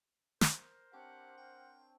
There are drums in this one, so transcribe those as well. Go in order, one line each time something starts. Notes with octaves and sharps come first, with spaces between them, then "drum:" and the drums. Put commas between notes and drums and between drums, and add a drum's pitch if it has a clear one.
A#4 C5, drum: snare
C4 D4 G4 C#5 F#5
G5